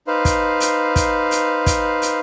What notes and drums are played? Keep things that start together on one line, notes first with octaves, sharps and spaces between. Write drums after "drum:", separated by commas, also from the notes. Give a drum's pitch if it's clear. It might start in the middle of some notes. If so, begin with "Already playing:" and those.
D#4 B4 C5 F5
drum: kick, hi-hat
drum: hi-hat
drum: kick, hi-hat
drum: hi-hat
drum: kick, hi-hat
drum: hi-hat